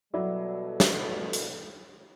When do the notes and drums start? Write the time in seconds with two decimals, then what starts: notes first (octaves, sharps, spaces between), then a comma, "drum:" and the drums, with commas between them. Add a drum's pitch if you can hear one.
0.14 B2 F#3 G3 E4 F#4 A4 D5 E5
0.80 drum: snare
1.33 drum: hi-hat